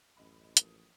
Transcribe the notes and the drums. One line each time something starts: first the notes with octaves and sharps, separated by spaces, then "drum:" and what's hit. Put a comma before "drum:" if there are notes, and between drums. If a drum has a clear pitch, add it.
A1 F#2 D#5 B5
F3 A#3 D#6, drum: hi-hat